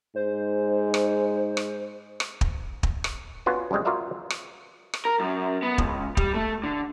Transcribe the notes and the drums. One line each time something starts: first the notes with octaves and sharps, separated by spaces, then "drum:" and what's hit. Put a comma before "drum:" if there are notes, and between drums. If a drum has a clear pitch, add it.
G#2 C5
drum: rim click
drum: rim click
drum: rim click
drum: kick
drum: kick
drum: rim click
B3 C#4 D4 F4 F#4 B4
F#2 C#3 G3 G#3 C4
F4 F#4 A#4 D5 E5 F5
drum: rim click
drum: rim click
A#4
F#2
B3
C#2, drum: kick
G3, drum: kick
A3
D3